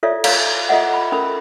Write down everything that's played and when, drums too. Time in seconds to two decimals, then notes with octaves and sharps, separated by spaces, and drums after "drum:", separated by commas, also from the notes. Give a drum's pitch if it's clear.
0.03 F4 A4 C#5 D5 E5
0.24 A4 C#5 F5 A#5, drum: cymbal
0.69 F4 A4 D#5 E5 F#5
0.94 B5
1.12 C#4 A4 A#4 B5